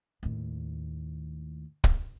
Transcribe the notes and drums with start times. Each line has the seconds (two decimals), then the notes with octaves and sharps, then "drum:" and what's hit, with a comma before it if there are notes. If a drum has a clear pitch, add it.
0.23 D#2 A2
1.84 drum: kick